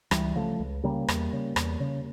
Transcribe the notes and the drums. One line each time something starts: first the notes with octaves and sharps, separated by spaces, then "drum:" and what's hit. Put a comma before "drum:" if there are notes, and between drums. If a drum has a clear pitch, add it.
C#2 E3 G3, drum: rim click
C#3 F3 A3
C#2
C#3 G3 A#3
E2, drum: rim click
C#3
E2, drum: rim click
C#3